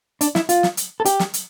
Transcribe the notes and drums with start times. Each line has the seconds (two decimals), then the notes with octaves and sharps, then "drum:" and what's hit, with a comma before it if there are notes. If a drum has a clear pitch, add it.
0.21 D4, drum: hi-hat
0.35 E4, drum: snare
0.49 F4, drum: hi-hat
0.63 drum: snare
0.77 drum: hi-hat
1.00 A4
1.05 G4, drum: hi-hat
1.20 drum: snare
1.34 drum: hi-hat